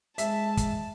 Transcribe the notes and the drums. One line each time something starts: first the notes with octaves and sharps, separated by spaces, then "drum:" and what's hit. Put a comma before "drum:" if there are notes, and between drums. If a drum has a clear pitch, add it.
G#3 E5 A5, drum: hi-hat
drum: kick, hi-hat